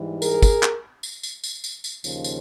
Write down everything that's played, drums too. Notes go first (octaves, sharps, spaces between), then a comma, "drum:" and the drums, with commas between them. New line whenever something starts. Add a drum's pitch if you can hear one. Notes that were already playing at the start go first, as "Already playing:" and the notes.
Already playing: G#2 E3 G3
G#4 A#4, drum: tambourine
drum: kick, tambourine
drum: clap
drum: tambourine
drum: tambourine
drum: tambourine
drum: tambourine
drum: tambourine
D#2 C#3 F3, drum: tambourine
drum: tambourine